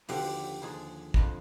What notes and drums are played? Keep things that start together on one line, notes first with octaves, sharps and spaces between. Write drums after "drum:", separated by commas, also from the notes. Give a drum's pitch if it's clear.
D#2 D3 F3 G4, drum: open hi-hat
D#2 D3 F3 G#4
F2 D3 F3, drum: kick